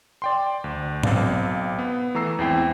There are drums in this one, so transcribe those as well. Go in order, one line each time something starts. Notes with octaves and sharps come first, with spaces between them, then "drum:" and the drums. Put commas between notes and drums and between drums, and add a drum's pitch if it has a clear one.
D5 G5 C6
D2
B1 C4 D5 F5, drum: tom G#2
B3
E3 A3 A#5 E6 C7
E2 G#2 C4 E4 G5